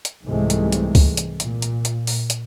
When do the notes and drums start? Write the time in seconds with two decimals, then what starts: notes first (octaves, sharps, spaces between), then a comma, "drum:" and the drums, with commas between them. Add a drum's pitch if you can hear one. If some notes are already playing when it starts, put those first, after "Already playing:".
0.05 drum: hi-hat
0.24 C2 G#2 C3 E3 G#3 A3
0.50 drum: hi-hat
0.72 drum: hi-hat
0.95 drum: kick C#2, open hi-hat
1.17 drum: hi-hat
1.40 A#2, drum: hi-hat
1.62 drum: hi-hat
1.85 drum: hi-hat
2.07 drum: open hi-hat
2.30 drum: hi-hat